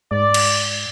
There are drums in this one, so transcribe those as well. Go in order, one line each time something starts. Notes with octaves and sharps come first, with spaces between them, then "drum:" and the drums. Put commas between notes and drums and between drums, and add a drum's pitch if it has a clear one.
G#2 D5
drum: cymbal